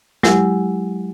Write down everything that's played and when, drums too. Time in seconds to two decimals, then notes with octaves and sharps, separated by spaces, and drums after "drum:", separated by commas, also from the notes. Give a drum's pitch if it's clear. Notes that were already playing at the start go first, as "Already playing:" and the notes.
0.23 F#3 G#3 E4 G4, drum: snare